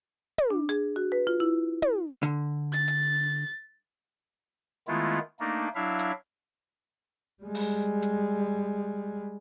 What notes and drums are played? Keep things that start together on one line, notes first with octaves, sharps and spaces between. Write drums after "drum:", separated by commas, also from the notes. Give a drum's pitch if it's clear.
drum: tom
D4
G#4, drum: hi-hat
F#4
B4
F4
E4
drum: tom
D3, drum: hi-hat
A6, drum: hi-hat
drum: hi-hat
D#3 G#3 A3 B3 E4 F4
A3 A#3 D4 D#4
F#3 D4 E4 E5 F5
drum: hi-hat
G3 G#3
drum: open hi-hat
drum: hi-hat